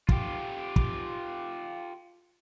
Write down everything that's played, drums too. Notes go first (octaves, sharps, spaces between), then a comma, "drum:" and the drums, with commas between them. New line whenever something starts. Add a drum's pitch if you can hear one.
F4 G4, drum: kick
drum: kick